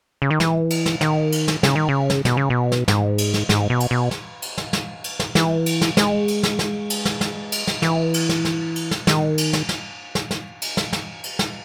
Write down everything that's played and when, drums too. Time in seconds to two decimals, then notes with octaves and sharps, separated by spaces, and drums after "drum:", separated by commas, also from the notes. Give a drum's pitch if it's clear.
0.22 C#3
0.31 D#3
0.40 E3, drum: snare
0.70 drum: cymbal
0.86 drum: snare
1.01 D#3, drum: snare
1.32 drum: cymbal
1.48 drum: snare
1.63 C#3, drum: snare
1.76 D#3
1.89 C#3
2.10 drum: snare
2.25 B2, drum: snare
2.37 C#3
2.50 B2
2.72 drum: snare
2.88 G#2, drum: snare
3.18 drum: cymbal
3.34 drum: snare
3.49 G#2, drum: snare
3.70 B2
3.80 drum: cymbal
3.91 B2
4.11 drum: snare
4.42 drum: cymbal
4.58 drum: snare
4.73 drum: snare
5.04 drum: cymbal
5.20 drum: snare
5.35 E3, drum: snare
5.66 drum: cymbal
5.81 drum: snare
5.97 G#3, drum: snare
6.28 drum: cymbal
6.43 drum: snare
6.59 drum: snare
6.90 drum: cymbal
7.05 drum: snare
7.21 drum: snare
7.52 drum: cymbal
7.67 drum: snare
7.82 E3, drum: snare
8.14 drum: cymbal
8.29 drum: snare
8.45 drum: snare
8.76 drum: cymbal
8.91 drum: snare
9.07 D#3, drum: snare
9.38 drum: cymbal
9.53 drum: snare
9.69 drum: snare
10.15 drum: snare
10.31 drum: snare
10.62 drum: cymbal
10.77 drum: snare
10.93 drum: snare
11.24 drum: cymbal
11.39 drum: snare